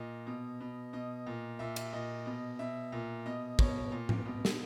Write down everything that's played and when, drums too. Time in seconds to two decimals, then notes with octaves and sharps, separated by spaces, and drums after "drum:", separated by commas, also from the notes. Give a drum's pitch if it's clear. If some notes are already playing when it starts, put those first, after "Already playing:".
Already playing: A#2 D#5
0.27 B2
0.60 B2
0.93 B2 D#5
1.27 A#2
1.59 A#2 E5
1.76 E5, drum: cymbal
1.93 A#2 D#5
2.26 B2
2.59 B2 E5
2.92 A#2
3.26 B2 D#5
3.59 B2 C#5, drum: kick
3.92 A#2
4.09 drum: tom A2
4.25 B2
4.45 drum: snare